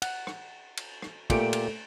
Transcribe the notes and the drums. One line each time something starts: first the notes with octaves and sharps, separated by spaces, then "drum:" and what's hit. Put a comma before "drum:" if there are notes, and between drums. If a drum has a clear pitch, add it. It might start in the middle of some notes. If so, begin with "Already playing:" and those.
F#5, drum: cymbal
drum: rim click
drum: cymbal
drum: rim click
A#2 A3 G4 D7, drum: kick, cymbal
drum: cymbal